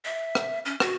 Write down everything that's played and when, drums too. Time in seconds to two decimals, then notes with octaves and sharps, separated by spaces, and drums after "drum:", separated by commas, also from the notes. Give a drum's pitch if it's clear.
0.05 E5
0.35 drum: rim click
0.65 C#4
0.80 F#4, drum: rim click